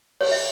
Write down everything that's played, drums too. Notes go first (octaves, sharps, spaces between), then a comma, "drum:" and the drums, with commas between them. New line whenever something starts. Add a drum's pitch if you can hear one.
C#5, drum: cymbal
E5